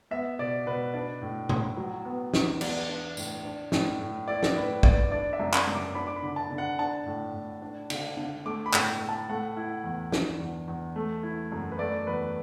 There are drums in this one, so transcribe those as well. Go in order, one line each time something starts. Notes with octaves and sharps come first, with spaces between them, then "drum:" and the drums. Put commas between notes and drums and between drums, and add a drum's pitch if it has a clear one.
B3 E5
B2 D5
B2 B4
D4 D5
A2
A2, drum: tom A#2
F#3
B3
E2, drum: snare
B3 D5, drum: cymbal
D4
A2, drum: tambourine
D4
A2, drum: snare
A2
E4 D5
drum: snare
A2 B4
A2 D5, drum: kick
D4 D5
E5
F#2
B5, drum: clap
F#2
D6
D4 B5
D6
B5
D3
A5
D3
F#5
D4 A5
A2
A2
D4
D3, drum: cymbal
D3
A3 D6
B5
A2, drum: clap
A2
A5
A3 F#5
E4
E2
D4, drum: snare
E2
E2
A3
E4
F#2
B4
A3 D5
E2 B4